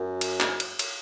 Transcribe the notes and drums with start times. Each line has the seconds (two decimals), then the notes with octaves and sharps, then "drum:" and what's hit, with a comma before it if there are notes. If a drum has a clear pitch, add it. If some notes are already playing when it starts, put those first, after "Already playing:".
Already playing: F#2
0.21 drum: cymbal
0.41 drum: clap
0.60 drum: cymbal
0.79 drum: cymbal